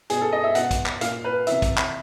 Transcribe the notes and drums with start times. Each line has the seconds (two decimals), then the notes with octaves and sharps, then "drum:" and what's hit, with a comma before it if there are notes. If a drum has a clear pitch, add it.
0.10 B2 G#4, drum: hi-hat
0.21 A4
0.32 D#5
0.44 E5
0.55 B2 F#5, drum: hi-hat
0.71 drum: kick, hi-hat
0.86 drum: clap
1.01 A#2 F5, drum: hi-hat
1.24 B4
1.47 C3 E3 E5, drum: hi-hat
1.62 drum: kick, hi-hat
1.77 drum: clap